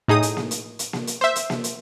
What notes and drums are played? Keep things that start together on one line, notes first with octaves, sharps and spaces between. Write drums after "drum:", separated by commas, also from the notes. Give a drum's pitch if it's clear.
A2 D#4 G#4 D#6
drum: hi-hat
drum: snare A#3
drum: hi-hat
drum: hi-hat
drum: snare A#3
drum: hi-hat
C5 E5
drum: hi-hat
drum: snare A#3
drum: hi-hat